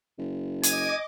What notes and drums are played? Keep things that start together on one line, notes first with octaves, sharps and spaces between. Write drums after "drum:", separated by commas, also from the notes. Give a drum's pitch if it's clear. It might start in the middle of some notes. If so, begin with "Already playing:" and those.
F#1
D#5 G#5 D6, drum: hi-hat